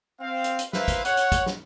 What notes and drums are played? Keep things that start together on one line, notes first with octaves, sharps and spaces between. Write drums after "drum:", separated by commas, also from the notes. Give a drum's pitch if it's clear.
C4 F5
drum: hi-hat
drum: hi-hat
A#3 E4 B4 C5 E5 F5, drum: snare
drum: kick, hi-hat
C#5 F#5, drum: hi-hat
drum: hi-hat
drum: kick, hi-hat
drum: snare